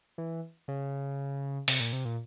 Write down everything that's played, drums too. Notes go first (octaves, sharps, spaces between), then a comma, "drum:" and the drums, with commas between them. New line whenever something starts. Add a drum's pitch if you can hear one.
E3
C#3
C3, drum: open hi-hat
A#2
C3
A#2